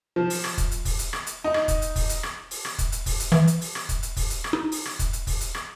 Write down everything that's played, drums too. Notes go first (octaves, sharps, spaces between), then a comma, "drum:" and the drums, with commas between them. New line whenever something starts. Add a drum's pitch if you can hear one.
F3
drum: open hi-hat
drum: rim click
drum: kick, hi-hat
drum: hi-hat
drum: kick, open hi-hat
drum: hi-hat
drum: rim click
drum: hi-hat
D#4
drum: rim click
drum: kick, hi-hat
drum: hi-hat
drum: kick, open hi-hat
drum: hi-hat
drum: rim click
drum: open hi-hat
drum: rim click
drum: kick, hi-hat
drum: hi-hat
drum: kick, open hi-hat
drum: hi-hat
E3, drum: rim click
drum: hi-hat
drum: open hi-hat
drum: rim click
drum: kick, hi-hat
drum: hi-hat
drum: kick, open hi-hat
drum: hi-hat
drum: rim click
D#4
drum: open hi-hat
drum: rim click
drum: kick, hi-hat
drum: hi-hat
drum: kick, open hi-hat
drum: hi-hat
drum: rim click